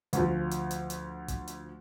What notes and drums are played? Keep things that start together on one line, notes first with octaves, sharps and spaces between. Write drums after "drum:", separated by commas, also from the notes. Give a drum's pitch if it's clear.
D2 F3, drum: hi-hat
drum: hi-hat
drum: hi-hat
drum: hi-hat
drum: kick, hi-hat
drum: hi-hat